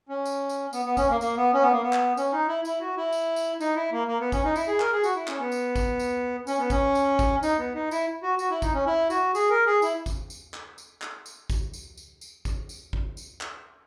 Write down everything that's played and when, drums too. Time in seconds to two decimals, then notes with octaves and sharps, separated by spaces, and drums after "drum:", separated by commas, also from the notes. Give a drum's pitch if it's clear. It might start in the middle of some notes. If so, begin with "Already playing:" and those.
0.09 C#4
0.25 drum: tambourine
0.49 drum: tambourine
0.73 B3, drum: tambourine
0.85 B3
0.97 C#4, drum: kick G#1, tambourine
1.10 A#3
1.21 A#3, drum: tambourine
1.37 B3
1.54 C#4
1.63 B3
1.72 A#3
1.82 B3
1.93 drum: clap
2.17 C#4, drum: tambourine
2.33 D#4
2.48 E4
2.65 E4, drum: tambourine
2.81 F#4
2.97 E4
3.12 drum: tambourine
3.36 drum: tambourine
3.60 D#4, drum: tambourine
3.76 E4
3.92 A#3
4.08 A#3
4.21 B3
4.32 C#4, drum: kick G#1, tambourine
4.44 D#4
4.56 E4, drum: tambourine
4.68 G#4
4.80 A#4, drum: clap
4.92 G#4
5.04 F#4, drum: tambourine
5.16 E4
5.28 C#4, drum: clap
5.39 B3
5.52 drum: tambourine
5.76 drum: kick G#1, tambourine
5.99 drum: tambourine
6.47 C#4, drum: tambourine
6.59 B3
6.70 C#4, drum: kick G#1, tambourine
6.95 drum: tambourine
7.19 drum: kick G#1, tambourine
7.43 D#4, drum: tambourine
7.59 B3
7.75 D#4
7.91 E4, drum: tambourine
8.23 F#4
8.39 F#4, drum: tambourine
8.50 E4
8.62 D#4, drum: kick G#1, tambourine
8.74 C#4
8.87 E4
9.10 F#4, drum: tambourine
9.35 G#4, drum: tambourine
9.50 A#4
9.66 G#4
9.82 E4, drum: tambourine
10.06 drum: kick G#1, tambourine
10.30 drum: tambourine
10.54 drum: clap
10.78 drum: tambourine
11.02 drum: clap
11.26 drum: tambourine
11.50 drum: kick G#1, tambourine
11.73 drum: tambourine
11.97 drum: tambourine
12.21 drum: tambourine
12.45 drum: kick G#1, tambourine
12.69 drum: tambourine
12.93 drum: kick G#1
13.17 drum: tambourine
13.41 drum: clap